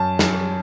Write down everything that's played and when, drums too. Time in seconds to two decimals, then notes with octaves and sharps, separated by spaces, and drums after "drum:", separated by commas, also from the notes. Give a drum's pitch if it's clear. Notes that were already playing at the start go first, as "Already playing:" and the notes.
Already playing: F#2 A5
0.19 F#2, drum: snare